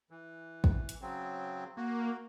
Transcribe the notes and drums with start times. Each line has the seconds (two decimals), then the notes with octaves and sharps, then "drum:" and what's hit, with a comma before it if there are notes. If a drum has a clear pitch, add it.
0.11 E3
0.64 drum: kick
0.89 drum: hi-hat
1.01 C#3 F#3 C4
1.77 A#3 F#4